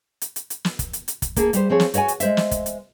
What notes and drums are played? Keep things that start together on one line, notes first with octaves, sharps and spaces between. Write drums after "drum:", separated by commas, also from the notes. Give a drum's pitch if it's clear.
drum: hi-hat
drum: hi-hat
drum: hi-hat
drum: snare
drum: kick, hi-hat
drum: hi-hat
drum: hi-hat
drum: kick, hi-hat
A#3 G#4 A4, drum: kick, hi-hat
G3 G4 C5, drum: hi-hat
F3 C4 G#4 C#5
drum: snare
F#4 C#5 D#5 F#5 G#5, drum: hi-hat
drum: hi-hat
G#3 C5 E5, drum: hi-hat
drum: snare
drum: kick, hi-hat
drum: hi-hat